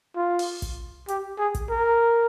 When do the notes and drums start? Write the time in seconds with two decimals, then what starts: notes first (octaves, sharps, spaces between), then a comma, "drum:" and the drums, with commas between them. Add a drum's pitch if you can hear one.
0.16 F4
0.39 drum: open hi-hat
0.62 drum: kick, hi-hat
1.08 G4, drum: hi-hat
1.39 G#4
1.55 drum: kick, hi-hat
1.70 A#4